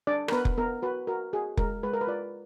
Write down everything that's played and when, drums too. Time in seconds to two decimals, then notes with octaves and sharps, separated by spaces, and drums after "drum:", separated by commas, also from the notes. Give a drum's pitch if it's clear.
0.07 D4 D5
0.28 A#4, drum: rim click
0.32 B3 B4
0.45 drum: kick F1
0.58 B3 A#4
0.82 F#4 B4
1.07 F#4 A#4
1.33 F#4 G#4
1.57 G#3 A#4, drum: kick F1
1.83 G#3 B4
1.94 A#4
2.01 B4
2.07 F4 D5